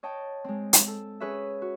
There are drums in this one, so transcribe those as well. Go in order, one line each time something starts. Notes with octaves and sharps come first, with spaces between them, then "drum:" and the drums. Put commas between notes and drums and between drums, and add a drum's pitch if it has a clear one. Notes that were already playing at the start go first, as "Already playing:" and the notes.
C#5 D#5 G5 A5
G#3 C4
drum: hi-hat
A4
C#4 G#4 B4 C#5 E5
F#4